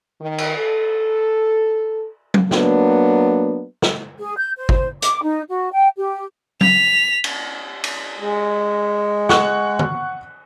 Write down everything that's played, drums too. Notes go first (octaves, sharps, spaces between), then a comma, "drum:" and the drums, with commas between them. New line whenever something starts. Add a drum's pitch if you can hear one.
D#3
drum: cymbal
A4
drum: tom F#3
F#3 A#3 B3 D4, drum: snare
drum: snare
G#4
G6
C5
drum: kick
D6, drum: hi-hat
D#4
F#4
G5
G4
B6 F7, drum: tom F#3
drum: cymbal
drum: cymbal
G#3
F#5 C#6 F#6, drum: snare
drum: tom